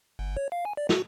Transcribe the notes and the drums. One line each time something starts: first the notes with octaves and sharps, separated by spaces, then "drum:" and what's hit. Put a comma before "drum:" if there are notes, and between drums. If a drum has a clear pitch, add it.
G1
C#5
F5
G#5
D5
F#4, drum: snare